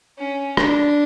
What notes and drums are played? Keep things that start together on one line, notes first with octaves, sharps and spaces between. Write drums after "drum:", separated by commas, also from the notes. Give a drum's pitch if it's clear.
C#4
D4, drum: rim click